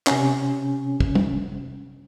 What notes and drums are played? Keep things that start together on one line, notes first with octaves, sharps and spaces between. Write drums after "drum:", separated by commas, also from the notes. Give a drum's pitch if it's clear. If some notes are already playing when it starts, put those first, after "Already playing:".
C3 C#4, drum: clap
drum: kick
drum: tom